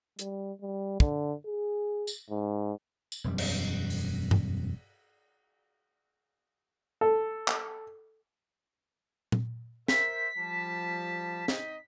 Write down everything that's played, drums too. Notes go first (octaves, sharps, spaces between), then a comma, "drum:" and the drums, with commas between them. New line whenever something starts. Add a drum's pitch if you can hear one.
G3, drum: hi-hat
G3
D3, drum: kick
G#4
drum: tambourine
G#2
drum: tambourine
E1 F#2 G3
drum: cymbal
drum: open hi-hat
drum: tom G2
A4
drum: clap
drum: tom
A#4 C5 E5 B6, drum: snare
F3 G3 A5
C4 D#4 D#5, drum: snare